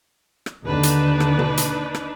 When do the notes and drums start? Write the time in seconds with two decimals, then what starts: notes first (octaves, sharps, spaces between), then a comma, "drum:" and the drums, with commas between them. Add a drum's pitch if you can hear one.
0.46 drum: rim click
0.65 D#2 D3 D4 D#4 B4
0.83 drum: hi-hat
1.20 drum: rim click
1.39 drum: tom B2
1.57 drum: hi-hat
1.95 drum: rim click